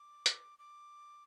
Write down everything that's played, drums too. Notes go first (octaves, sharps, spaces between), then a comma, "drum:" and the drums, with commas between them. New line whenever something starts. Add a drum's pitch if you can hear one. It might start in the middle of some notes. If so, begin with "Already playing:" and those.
Already playing: D6
drum: hi-hat
D6